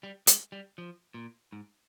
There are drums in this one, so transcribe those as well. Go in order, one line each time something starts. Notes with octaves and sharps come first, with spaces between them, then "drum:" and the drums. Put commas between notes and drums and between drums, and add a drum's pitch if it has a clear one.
G3
G#3, drum: hi-hat
G3
F3
A#2
G#2